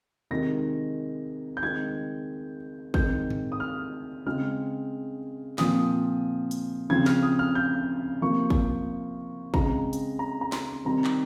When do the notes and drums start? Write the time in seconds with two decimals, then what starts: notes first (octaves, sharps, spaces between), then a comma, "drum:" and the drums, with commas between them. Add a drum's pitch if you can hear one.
0.31 C3 D#3 G#3 A#6
1.57 G6
1.62 D#3 G#3 C4 G#6
2.94 D#3 G#3 C4 G6, drum: kick
3.30 drum: tom G2
3.52 D#6
3.60 F6
4.26 C#3 G#3 C4 F6
5.58 A#2 F3 C4 D#6, drum: snare
6.51 drum: hi-hat
6.90 C#3 F3 C4 G#6
7.06 F6, drum: snare
7.23 D#6
7.39 F6
7.55 G6
8.21 C3 F3 A#3 C#6
8.50 drum: kick
9.54 C#3 G#3 C4 A#5, drum: kick
9.93 drum: hi-hat
10.19 A#5
10.41 A#5
10.52 C6, drum: snare
10.85 C3 D#3 G3 C4 A#5
11.04 drum: clap